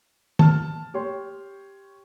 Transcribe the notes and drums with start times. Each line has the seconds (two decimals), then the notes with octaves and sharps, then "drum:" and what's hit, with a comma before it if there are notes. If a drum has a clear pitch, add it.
0.39 A5 F6, drum: tom D#3
0.94 G4 C#5 G5 C6